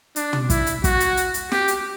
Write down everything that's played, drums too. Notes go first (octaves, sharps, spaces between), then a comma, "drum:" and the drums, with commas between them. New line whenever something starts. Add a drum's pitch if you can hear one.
D4, drum: hi-hat
drum: tom
E4, drum: kick, hi-hat
drum: hi-hat
F#4, drum: kick, hi-hat
drum: hi-hat
drum: hi-hat
drum: hi-hat
G4, drum: snare
drum: hi-hat